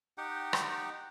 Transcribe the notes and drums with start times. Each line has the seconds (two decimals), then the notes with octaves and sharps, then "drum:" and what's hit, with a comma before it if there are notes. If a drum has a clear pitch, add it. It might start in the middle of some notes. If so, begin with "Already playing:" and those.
0.18 D#4 G4 F#5 G5
0.53 drum: rim click